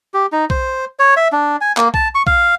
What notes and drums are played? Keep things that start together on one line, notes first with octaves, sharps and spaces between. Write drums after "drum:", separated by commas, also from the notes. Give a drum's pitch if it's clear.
G4
D#4
C5, drum: kick B1
C#5
E5
D4
G#5
A#3, drum: clap
A5, drum: kick B1
C#6
F5, drum: kick B1